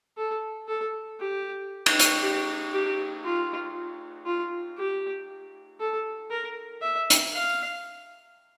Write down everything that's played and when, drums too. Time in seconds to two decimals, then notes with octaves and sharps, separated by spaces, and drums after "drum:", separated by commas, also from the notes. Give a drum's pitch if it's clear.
0.17 A4
0.68 A4
1.20 G4
1.86 drum: cymbal
1.99 drum: hi-hat
2.22 G4
2.73 G4
3.24 F4
4.26 F4
4.78 G4
5.80 A4
6.30 A#4
6.82 E5
7.10 drum: hi-hat
7.33 F5